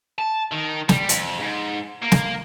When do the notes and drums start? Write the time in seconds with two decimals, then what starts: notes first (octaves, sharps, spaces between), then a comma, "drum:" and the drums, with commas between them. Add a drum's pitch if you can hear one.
0.18 A5
0.52 D#3
0.89 G3, drum: snare
1.09 F2, drum: hi-hat
1.40 G#2
2.02 A#3
2.12 drum: snare